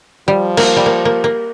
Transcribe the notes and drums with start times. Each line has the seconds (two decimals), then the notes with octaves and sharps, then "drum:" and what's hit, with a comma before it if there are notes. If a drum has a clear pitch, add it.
0.28 F3 G3
0.57 A#3, drum: cymbal
0.77 G3
0.86 A#3
1.05 A#3
1.24 A#3